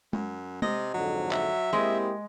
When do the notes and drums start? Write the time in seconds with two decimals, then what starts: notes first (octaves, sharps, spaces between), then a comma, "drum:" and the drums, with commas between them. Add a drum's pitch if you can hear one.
0.13 F#2, drum: tom G#3
0.62 C3 D#5, drum: tom G#3
0.94 F2 G#2 D3 F#3
1.31 E5, drum: clap
1.73 G#3 A#3 C4 E4 G4 D#5